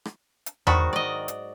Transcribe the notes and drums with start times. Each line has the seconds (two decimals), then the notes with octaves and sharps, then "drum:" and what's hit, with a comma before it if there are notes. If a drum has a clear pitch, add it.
0.05 drum: rim click
0.46 drum: hi-hat
0.67 G#2 D#3 F#3 D4 F#4 A5 B5, drum: tom E2
0.93 D5 D#5
1.28 drum: hi-hat